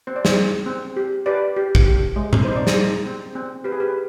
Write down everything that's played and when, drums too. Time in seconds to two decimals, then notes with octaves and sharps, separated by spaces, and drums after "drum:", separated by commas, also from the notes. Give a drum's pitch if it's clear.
0.07 C4 C5
0.16 D5
0.25 G#4 C5, drum: snare
0.37 C4
0.66 C4
0.96 G4
1.26 G4 B4 D5
1.56 G4
1.75 drum: kick
1.86 G4
2.16 G#3
2.33 drum: tom A#2
2.45 D#4 C5
2.56 D5
2.67 G#4 C5, drum: snare
2.76 D#4
3.06 C4
3.35 C4
3.64 G4 B4
3.72 G#4
3.80 G4 B4